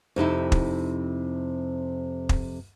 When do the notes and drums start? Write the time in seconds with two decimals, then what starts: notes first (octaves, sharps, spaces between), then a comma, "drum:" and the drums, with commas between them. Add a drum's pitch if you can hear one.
0.16 F2 C3 D#4 E4
0.52 drum: kick
2.29 drum: kick